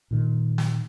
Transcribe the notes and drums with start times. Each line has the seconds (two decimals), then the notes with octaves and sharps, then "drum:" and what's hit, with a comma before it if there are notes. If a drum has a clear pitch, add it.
0.11 A#2 D#3
0.58 drum: snare